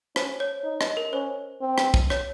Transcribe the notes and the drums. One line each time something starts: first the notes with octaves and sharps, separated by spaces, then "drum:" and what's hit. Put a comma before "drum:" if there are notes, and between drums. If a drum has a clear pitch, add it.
C#4 C5, drum: rim click
C#5
D#4
D#5, drum: rim click
A#4
C#4 C5
C4
drum: rim click
drum: kick
C#5, drum: rim click